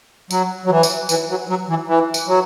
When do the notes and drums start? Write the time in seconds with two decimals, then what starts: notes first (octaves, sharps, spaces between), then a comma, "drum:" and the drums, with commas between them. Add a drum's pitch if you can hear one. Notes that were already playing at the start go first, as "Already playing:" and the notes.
0.31 F#3, drum: tambourine
0.65 F#3
0.70 E3
0.83 drum: tambourine
1.09 E3, drum: tambourine
1.29 F#3
1.49 F#3
1.69 E3
1.87 E3
2.14 drum: tambourine
2.28 F#3